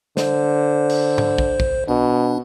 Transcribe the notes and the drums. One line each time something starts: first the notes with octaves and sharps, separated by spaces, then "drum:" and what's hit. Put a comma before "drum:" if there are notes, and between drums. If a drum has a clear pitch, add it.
D3 C5, drum: snare
drum: cymbal
drum: tom G#2
drum: kick
drum: kick
B2 D4